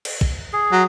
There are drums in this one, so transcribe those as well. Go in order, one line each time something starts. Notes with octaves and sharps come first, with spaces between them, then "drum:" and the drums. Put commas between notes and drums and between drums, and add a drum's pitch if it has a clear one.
drum: cymbal
drum: kick
G#4
F#3